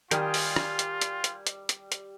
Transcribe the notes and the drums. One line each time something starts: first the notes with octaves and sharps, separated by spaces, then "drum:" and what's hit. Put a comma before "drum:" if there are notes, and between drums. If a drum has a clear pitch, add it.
D#3 G3 F4 G5 G#5 D#6, drum: hi-hat
drum: open hi-hat
drum: rim click
drum: hi-hat
drum: hi-hat
drum: hi-hat
drum: hi-hat
drum: hi-hat
drum: hi-hat